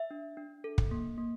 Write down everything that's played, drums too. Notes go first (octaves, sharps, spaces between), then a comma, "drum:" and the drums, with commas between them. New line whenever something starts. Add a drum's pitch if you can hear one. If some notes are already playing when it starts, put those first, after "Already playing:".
Already playing: E5
D4
D4
A4
drum: kick
A#3
A#3